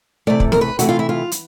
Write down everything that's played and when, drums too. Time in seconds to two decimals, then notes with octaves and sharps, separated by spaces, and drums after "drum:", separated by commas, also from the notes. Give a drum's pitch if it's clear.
0.27 C3 E3 A3 D5
0.40 drum: kick
0.52 A#4, drum: snare
0.61 B4
0.79 C3 E3 A3 F#4, drum: hi-hat
0.89 F4
0.99 E4
1.09 F4
1.32 drum: hi-hat